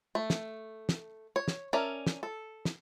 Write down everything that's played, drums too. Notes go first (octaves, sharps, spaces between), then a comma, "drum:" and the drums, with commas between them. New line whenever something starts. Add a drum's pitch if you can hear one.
A3
drum: snare
drum: snare
C#5
drum: snare
C#4 A#4 D5 E5 A5
drum: snare
A4
drum: snare